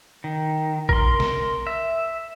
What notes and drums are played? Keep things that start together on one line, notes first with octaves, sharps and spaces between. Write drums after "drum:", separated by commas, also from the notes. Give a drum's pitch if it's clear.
D#3
A#4 C6, drum: kick A#1
drum: snare
E5